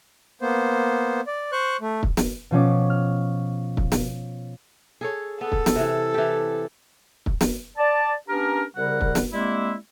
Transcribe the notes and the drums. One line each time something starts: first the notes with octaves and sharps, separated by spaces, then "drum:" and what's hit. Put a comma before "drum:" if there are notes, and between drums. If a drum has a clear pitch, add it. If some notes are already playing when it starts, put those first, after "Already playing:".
A#3 B3 C5
D5
C5 C#6 F#6
A3
drum: kick
drum: snare
B2 F3 C#4 D6
F6
drum: kick
drum: snare
G#4 A4 C#5
B3 A4
drum: kick
drum: snare
C3 E3
E3 G4
drum: kick
drum: snare
D5 A5
B3 C#4 D4 G4 A#4
C2 C#3 G3 A#4 F#5
drum: kick
drum: snare
G3 G#3 A#3 C4 E4